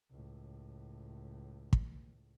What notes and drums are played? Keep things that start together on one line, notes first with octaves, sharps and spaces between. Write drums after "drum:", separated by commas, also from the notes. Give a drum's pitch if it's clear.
C#2 A2
drum: kick